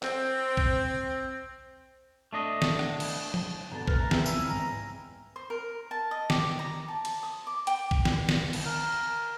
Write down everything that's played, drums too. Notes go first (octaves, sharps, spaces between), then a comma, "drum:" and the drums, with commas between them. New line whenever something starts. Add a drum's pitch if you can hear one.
C4, drum: clap
drum: kick A#1
A3 D4 D#5
drum: snare
drum: rim click
drum: cymbal
drum: tom F3
B2 D3 A#5 A6
A#4 B4, drum: kick A#1
A3 G#5 A#5
B3 C4 G#4 E5 G5 G#5, drum: snare
E3 F3 E4 G#5 F6, drum: tambourine
E2 G#2 C#3 A#5
C5
A#4
A5
D#5
G4, drum: snare
A#5
A5
drum: cymbal
D#6
D6
G5, drum: hi-hat
drum: kick A#1
drum: snare
drum: snare
drum: cymbal
A#4